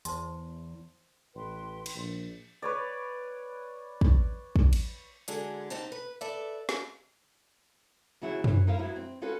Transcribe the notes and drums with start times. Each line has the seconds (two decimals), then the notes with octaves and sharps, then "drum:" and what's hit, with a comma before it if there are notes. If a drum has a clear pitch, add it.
0.05 E2 C5 A5 C6, drum: hi-hat
1.35 A1 B4 G5 C6
1.86 drum: cymbal
1.95 A#1
2.62 B4 C#5 D5
4.01 drum: kick
4.56 drum: kick
4.73 drum: cymbal
5.28 D3 F#3 G#3 D4 G#4 A4, drum: hi-hat
5.70 G#2 C4 D#4 G4 C5 A5
5.92 B4
6.21 A4 B4 D5 E5
6.69 drum: snare
8.22 D#2 C#3 F#3 E4 F#4
8.44 E3 F#3, drum: tom F#2
8.67 D#4 E4 A#4 C5 E5 F5
8.79 G2 B2 F#3 E4
8.96 C4
9.22 C#4 F4 F#4 A4 B4